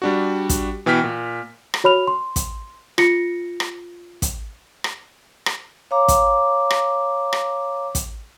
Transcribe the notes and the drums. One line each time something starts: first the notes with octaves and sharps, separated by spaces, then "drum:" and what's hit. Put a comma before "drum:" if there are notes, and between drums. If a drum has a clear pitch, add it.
G3 D4 F#4
drum: kick, hi-hat
B2 E3 G5 F6 B6
A#2
drum: rim click
F#4 C#5 B5 F6 F7
C6
drum: kick, hi-hat
F4 A#6 C#7, drum: rim click
drum: rim click
drum: kick, hi-hat
drum: rim click
drum: rim click
C#5 F5 A#5 D6
drum: kick, hi-hat
drum: rim click
drum: rim click
drum: kick, hi-hat